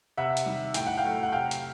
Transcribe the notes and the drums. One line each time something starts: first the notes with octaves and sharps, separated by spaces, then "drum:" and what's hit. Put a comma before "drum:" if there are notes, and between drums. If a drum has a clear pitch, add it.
C3 E5 F#5
drum: hi-hat
D#3 G3
A2 G5, drum: hi-hat
F#5
F5 G5
F#3 A3
F#5
C3 F5 G5
drum: hi-hat